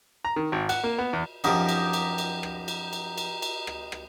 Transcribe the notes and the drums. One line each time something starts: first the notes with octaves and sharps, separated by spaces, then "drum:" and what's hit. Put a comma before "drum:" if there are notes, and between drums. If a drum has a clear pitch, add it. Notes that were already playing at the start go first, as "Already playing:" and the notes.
A#5
D#3
G#1
F#5, drum: cymbal
A#3
B3
E2
F#2 F3 D#4 G4, drum: cymbal
drum: cymbal
drum: cymbal
drum: cymbal
drum: rim click
drum: cymbal
drum: cymbal
drum: cymbal
drum: cymbal
drum: rim click
drum: rim click